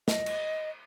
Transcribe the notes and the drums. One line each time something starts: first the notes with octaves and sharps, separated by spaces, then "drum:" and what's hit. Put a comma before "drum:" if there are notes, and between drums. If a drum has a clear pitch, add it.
D#5, drum: snare
drum: cymbal